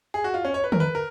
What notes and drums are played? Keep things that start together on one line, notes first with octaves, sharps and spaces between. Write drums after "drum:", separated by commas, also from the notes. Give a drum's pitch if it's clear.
G#4
F#4
F4
C#4
C#5
B4
A#4, drum: tom
B4
A#4